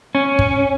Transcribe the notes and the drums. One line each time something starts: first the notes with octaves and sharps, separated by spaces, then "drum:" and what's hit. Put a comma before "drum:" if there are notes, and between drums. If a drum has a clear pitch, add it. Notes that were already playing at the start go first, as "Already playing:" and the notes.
C#4
drum: kick